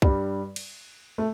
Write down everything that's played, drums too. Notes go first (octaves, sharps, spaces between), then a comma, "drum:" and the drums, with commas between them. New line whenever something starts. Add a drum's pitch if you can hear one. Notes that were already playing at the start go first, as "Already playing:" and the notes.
G2 G3, drum: kick
drum: cymbal
A3